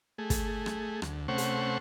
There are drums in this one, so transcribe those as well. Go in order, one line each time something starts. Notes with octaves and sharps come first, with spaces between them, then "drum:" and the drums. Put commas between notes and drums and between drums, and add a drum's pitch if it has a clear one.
A3 G#4
drum: kick, hi-hat
drum: rim click
D2, drum: rim click
C3 A3 C#4 C5 F#5 C#6
drum: hi-hat